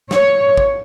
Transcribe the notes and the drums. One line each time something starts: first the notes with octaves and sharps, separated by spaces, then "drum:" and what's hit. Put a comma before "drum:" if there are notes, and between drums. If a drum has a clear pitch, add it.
C#5, drum: snare
drum: kick